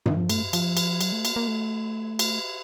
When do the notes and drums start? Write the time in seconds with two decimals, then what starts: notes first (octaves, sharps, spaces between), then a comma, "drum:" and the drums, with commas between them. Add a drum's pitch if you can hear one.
0.06 D#3, drum: tom G2
0.17 F3
0.29 A3, drum: cymbal
0.53 F3, drum: cymbal
0.77 drum: cymbal
1.01 F#3, drum: cymbal
1.12 A3
1.25 A#3, drum: cymbal
1.36 A#3
1.48 A3
2.19 drum: cymbal